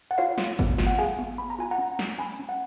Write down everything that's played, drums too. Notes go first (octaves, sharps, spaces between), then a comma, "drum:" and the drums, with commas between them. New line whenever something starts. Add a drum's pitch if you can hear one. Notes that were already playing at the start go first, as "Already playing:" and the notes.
F#5
F4 C#5 F5
F4, drum: snare
B3, drum: kick G1
F4, drum: snare
F#5
G#4 F5 G#5
B3
B3 B5
A#5
F4 G#5
F#5 A#5
C#4
C#4, drum: snare
C#4 G#5 B5
C#4
F#5